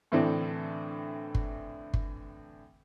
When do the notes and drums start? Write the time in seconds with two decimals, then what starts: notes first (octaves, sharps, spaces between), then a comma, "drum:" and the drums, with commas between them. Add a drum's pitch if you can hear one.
0.12 A2 D3 E3 C4 D4
1.35 drum: kick G1
1.94 drum: kick G1